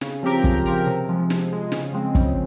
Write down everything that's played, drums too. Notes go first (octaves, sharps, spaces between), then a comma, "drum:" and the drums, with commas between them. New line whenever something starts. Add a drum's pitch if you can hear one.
C#3, drum: snare
F3 C4 G4 A#4
C#3, drum: kick
F3 C4 G4 A#4
C3
F3 G#3
C3, drum: snare
F3 G#3
C#3, drum: snare
F3 G#3 C4
C#3, drum: kick